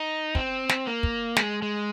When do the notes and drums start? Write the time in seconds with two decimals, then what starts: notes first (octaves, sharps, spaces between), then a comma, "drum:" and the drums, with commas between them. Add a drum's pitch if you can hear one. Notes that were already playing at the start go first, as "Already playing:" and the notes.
Already playing: D#4
0.35 C4, drum: kick
0.69 drum: snare
0.87 A#3
1.03 drum: kick
1.36 G#3, drum: snare
1.62 G#3